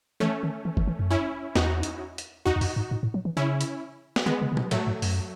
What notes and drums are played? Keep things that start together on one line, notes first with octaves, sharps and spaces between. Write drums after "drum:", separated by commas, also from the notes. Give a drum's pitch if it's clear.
E3 A3 C#4
D#3
E3
E3, drum: kick G1
E3
F#2
C#4 E4
E2 D#4 F#4, drum: snare
drum: hi-hat
drum: hi-hat
E2 D#4 F#4
E2
F#2, drum: open hi-hat
G#2
A2
A2
F#3
E3
C#3 C#4 E4
drum: hi-hat
drum: snare
D#3 G#3 B3
C#3
C#3
B2, drum: tom F#3
A2 F#3 A3, drum: cymbal
G#2
F#2, drum: open hi-hat